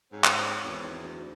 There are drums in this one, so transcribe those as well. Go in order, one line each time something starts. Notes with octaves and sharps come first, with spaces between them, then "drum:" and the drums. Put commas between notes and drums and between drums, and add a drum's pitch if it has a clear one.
G#2 C4 C#4
drum: clap
G#1 E2
D2